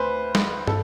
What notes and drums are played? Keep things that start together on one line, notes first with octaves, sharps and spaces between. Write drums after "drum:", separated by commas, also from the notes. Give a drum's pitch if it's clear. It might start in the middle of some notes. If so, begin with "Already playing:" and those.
Already playing: D2 B4 C5
drum: snare
A4, drum: tom